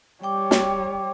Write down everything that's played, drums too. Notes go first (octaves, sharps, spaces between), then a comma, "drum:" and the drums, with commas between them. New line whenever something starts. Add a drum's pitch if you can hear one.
G3 C#5 G5 D6
drum: snare